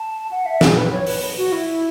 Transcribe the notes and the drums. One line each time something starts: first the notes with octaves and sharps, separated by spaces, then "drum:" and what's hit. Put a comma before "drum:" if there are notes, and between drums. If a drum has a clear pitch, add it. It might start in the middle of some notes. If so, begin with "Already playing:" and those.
Already playing: A5
F#5
E5
G#4, drum: snare
B4
C#5
B4, drum: open hi-hat
F#4
E4